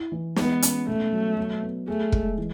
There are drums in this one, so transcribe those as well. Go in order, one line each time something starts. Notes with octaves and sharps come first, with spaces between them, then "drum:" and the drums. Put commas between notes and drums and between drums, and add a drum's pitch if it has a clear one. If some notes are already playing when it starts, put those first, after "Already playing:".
Already playing: E4
E3
G#3 B3, drum: snare
C#4, drum: hi-hat
B2 A3
F#3
F#3
B3
A3 G#4
G#3, drum: kick
E3